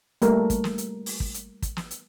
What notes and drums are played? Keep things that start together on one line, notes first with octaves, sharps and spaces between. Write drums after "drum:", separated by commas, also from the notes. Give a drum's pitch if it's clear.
G3 A3 A#3 A#4, drum: hi-hat
drum: kick, hi-hat
drum: snare
drum: hi-hat
drum: open hi-hat
drum: kick
drum: hi-hat
drum: kick, hi-hat
drum: snare
drum: hi-hat